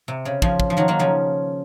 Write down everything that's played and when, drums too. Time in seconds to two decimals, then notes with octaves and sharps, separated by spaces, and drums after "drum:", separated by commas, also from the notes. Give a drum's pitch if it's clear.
0.08 C3
0.25 C#3
0.42 C#3 F3, drum: kick
0.60 drum: kick
0.70 F3
0.77 D#3 F#3
0.88 F#3 A#3
0.99 C#3 F3